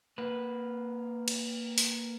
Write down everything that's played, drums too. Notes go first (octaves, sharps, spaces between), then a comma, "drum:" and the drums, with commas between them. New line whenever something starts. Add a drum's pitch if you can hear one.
A#3 B4
drum: cymbal
drum: open hi-hat